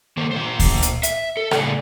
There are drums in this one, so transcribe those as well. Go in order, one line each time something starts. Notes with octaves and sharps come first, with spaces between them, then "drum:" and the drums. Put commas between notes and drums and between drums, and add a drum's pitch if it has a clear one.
D#3 A#3 C5
A#2 C5
drum: kick D2, open hi-hat
drum: hi-hat
E5, drum: hi-hat
A4
A2 C#3 G#4 A4 D5, drum: rim click